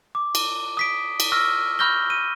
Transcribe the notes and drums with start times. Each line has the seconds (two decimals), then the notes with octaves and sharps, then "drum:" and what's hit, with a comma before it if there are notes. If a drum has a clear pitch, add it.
0.15 D6
0.35 drum: cymbal
0.77 D#6 B6 D7
1.20 drum: cymbal
1.32 C#6 E6 F6 A#6
1.79 B5 C#6 F6 G6 A#6 G7
2.10 D#7